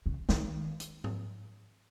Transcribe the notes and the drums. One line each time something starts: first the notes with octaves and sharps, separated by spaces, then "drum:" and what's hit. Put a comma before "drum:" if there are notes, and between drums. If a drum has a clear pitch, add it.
C#3
D#3, drum: snare
drum: hi-hat
drum: tom G#2